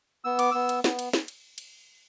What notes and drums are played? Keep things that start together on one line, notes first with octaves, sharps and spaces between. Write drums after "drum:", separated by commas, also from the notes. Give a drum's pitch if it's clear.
B3 E6
D6, drum: cymbal
B3 E6
drum: cymbal
B3, drum: snare
drum: cymbal
drum: snare
drum: cymbal
drum: cymbal